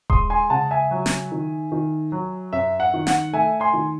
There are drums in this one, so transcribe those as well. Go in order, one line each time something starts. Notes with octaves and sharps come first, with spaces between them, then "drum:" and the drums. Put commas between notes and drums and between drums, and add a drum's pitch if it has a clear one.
G#3 C6 D#6, drum: kick D#1
G#5 C6
C#3 F#5 A5
E5 G#5
F#3
drum: snare
D#3
D#3
F#3
F#2 E5
F#5
D#3
F#5, drum: snare
A3 E5 G#5
G#5 C6
D#3